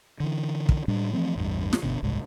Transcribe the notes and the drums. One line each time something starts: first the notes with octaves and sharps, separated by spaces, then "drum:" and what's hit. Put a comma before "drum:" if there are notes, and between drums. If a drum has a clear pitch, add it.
D3 E3
drum: kick
A2 G3 D4
E3 F3 A3 C4
A1 E2 G2
drum: snare
G1 B2 D3
F#1 C2 G#2